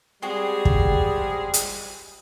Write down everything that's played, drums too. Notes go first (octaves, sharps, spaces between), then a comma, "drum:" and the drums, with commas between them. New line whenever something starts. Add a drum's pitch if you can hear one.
G3 G#3 C4 F#4 G#4
drum: kick
drum: hi-hat